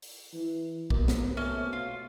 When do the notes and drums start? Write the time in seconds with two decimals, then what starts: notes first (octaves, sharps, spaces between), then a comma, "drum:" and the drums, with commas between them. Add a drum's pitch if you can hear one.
0.02 drum: open hi-hat
0.33 E3
0.90 D#2 B2, drum: kick
1.08 drum: snare
1.37 C3 A3 C#4
1.73 F4